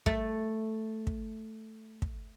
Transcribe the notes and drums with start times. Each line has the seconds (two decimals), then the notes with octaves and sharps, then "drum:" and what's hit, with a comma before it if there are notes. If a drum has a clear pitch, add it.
0.06 A3, drum: kick
1.07 drum: kick
2.02 drum: kick